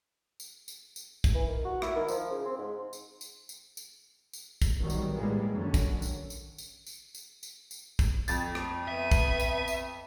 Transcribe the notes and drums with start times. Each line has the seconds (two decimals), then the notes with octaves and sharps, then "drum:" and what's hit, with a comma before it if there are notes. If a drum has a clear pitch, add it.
0.40 drum: tambourine
0.68 drum: tambourine
0.96 drum: tambourine
1.24 drum: kick A#1, tambourine
1.34 E3
1.47 D#3
1.65 F#4
1.82 E4, drum: rim click
1.96 D#3
2.08 F3, drum: tambourine
2.31 C#3
2.45 C4
2.58 G#2
2.93 drum: tambourine
3.21 drum: tambourine
3.49 drum: tambourine
3.77 drum: tambourine
4.33 drum: tambourine
4.62 drum: kick A#1, tambourine
4.79 B1 G#2 D#3 F#3 G3
4.90 drum: tambourine
5.15 A2 G3 G#3 A#3 B3
5.53 F#2 D3 D#3 C#4
5.74 drum: kick A#1, tambourine
6.02 drum: tambourine
6.30 drum: tambourine
6.58 drum: tambourine
6.87 drum: tambourine
7.15 drum: tambourine
7.43 drum: tambourine
7.71 drum: tambourine
7.99 drum: kick A#1, tambourine
8.28 F2 A6, drum: tambourine
8.55 drum: rim click
8.88 B3 E5 D#7
9.11 drum: kick A#1, tambourine
9.40 drum: tambourine
9.68 drum: tambourine